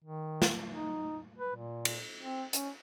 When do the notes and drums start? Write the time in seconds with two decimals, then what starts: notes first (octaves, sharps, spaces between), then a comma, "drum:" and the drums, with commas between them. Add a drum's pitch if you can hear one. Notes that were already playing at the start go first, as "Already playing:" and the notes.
0.04 D#3
0.42 drum: snare
0.69 D#4
1.38 B4
1.55 A#2
1.85 drum: cymbal
2.22 C4
2.53 C#4, drum: hi-hat